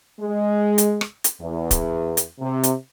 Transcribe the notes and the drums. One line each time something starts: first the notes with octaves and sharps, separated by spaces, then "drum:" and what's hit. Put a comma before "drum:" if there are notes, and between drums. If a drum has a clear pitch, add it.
G#3
drum: hi-hat
drum: rim click
drum: hi-hat
E2
drum: kick, hi-hat
drum: hi-hat
C3
drum: hi-hat